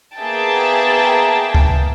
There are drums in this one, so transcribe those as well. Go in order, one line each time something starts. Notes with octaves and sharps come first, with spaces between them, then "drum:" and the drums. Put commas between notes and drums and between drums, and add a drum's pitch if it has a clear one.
A#3 B3 G#4 E5 G5 A5
drum: kick C#2